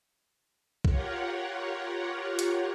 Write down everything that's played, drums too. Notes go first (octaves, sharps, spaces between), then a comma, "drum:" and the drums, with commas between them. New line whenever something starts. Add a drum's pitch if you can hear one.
F4 G4 A#4 C#5 F#5, drum: kick B1
drum: hi-hat